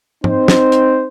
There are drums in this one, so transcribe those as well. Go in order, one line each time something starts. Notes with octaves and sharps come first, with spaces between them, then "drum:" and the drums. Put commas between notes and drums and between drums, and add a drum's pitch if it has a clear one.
C4 D#4 C5, drum: tom
drum: snare
drum: hi-hat